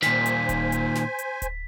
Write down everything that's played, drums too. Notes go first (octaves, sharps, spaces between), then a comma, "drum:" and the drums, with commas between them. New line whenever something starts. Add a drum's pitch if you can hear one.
A#2 D#3 C5 G#5 B6, drum: snare
drum: hi-hat
drum: kick D1, hi-hat
drum: hi-hat
drum: snare
drum: hi-hat
drum: kick D1, hi-hat